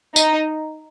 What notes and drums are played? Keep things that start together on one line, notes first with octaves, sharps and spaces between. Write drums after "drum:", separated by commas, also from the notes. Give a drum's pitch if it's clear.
D#4, drum: tambourine